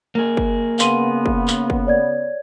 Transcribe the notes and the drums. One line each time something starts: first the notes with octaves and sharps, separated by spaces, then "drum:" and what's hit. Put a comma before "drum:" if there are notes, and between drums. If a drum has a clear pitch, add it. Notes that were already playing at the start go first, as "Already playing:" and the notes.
A#3 G#4
drum: kick
C#3 B3 F5 C6 D#7, drum: clap
drum: kick
drum: clap
drum: kick
C#5 D5 G#6